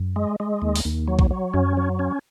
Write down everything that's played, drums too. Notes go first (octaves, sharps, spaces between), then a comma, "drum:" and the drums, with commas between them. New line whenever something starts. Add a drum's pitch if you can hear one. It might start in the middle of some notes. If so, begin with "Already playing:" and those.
Already playing: F#2
G#3
G#3
D#2
drum: open hi-hat
D#2
F#3
drum: kick A#1
F#3
F#2 C#4
F#3
C#4